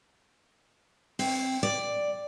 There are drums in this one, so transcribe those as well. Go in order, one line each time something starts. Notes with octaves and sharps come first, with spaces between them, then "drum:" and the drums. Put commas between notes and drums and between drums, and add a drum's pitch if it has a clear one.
C4, drum: open hi-hat
D5